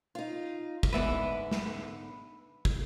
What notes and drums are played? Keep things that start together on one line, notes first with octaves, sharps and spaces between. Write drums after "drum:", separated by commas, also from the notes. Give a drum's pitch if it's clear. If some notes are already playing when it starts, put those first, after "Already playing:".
D#4 F4
drum: kick
G#2 D3 B3 B4 E5
drum: snare
drum: kick